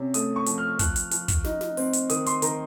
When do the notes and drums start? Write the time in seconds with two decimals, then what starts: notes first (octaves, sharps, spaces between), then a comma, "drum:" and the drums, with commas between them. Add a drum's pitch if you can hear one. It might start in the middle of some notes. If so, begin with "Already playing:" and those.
Already playing: C3 C#4
0.14 A3 D#6, drum: hi-hat
0.36 C#6
0.46 F3, drum: hi-hat
0.58 F6
0.79 F3 F#6, drum: kick, hi-hat
0.96 drum: hi-hat
1.11 F3, drum: hi-hat
1.28 drum: kick, hi-hat
1.44 D#4, drum: snare
1.61 drum: snare
1.77 C4, drum: open hi-hat
1.93 drum: hi-hat
2.10 D#3 D#6, drum: hi-hat
2.26 C6, drum: hi-hat
2.42 D#3 A#5, drum: hi-hat